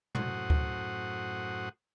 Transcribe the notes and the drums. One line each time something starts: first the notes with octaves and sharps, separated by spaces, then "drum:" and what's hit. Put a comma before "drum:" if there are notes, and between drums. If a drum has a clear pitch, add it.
F#2 A2 F#4 C5 F#5 D#6, drum: tom
drum: kick D2